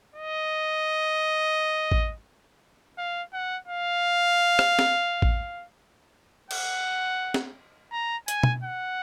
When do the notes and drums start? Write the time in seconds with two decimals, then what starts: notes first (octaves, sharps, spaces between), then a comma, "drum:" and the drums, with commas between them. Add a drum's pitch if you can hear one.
0.15 D#5
1.92 drum: kick A1
2.98 F5
3.33 F#5
3.68 F5
4.59 drum: rim click
4.79 drum: snare
5.22 drum: kick A1
6.51 F#5, drum: cymbal
7.34 drum: snare
7.92 A#5
8.28 G#5, drum: hi-hat
8.43 drum: tom
8.63 F#5